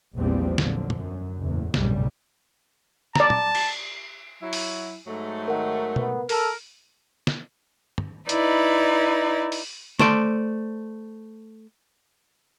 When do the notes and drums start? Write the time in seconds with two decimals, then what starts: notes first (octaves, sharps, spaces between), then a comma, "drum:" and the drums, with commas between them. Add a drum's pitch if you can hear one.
0.15 A#1 E2 A#2 F3 G3 C4
0.58 A#2 D3 F3 F#3, drum: snare
0.90 F#2, drum: tom
1.40 F#1 E2 A2
1.74 F1 B1 G2 A#2 C#3 G3, drum: snare
3.15 D5 A5 A#5, drum: snare
3.30 drum: tom
3.55 drum: cymbal
4.42 F#3 E4
4.53 drum: open hi-hat
5.07 G#2 F#3 A3
5.48 D#3 A#4 F#5
5.96 B3, drum: tom B2
6.29 A4 A#4, drum: open hi-hat
7.27 drum: snare
7.98 drum: tom
8.29 D#4 E4 B4 D5, drum: hi-hat
9.52 drum: open hi-hat
9.99 A3 C5 D5, drum: snare